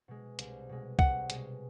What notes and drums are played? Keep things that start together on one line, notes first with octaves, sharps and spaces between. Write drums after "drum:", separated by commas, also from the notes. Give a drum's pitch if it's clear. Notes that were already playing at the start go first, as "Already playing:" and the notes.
B2 G#3
C2, drum: hi-hat
B2 G#3
C2 F#5, drum: kick C2
B2 G#3, drum: hi-hat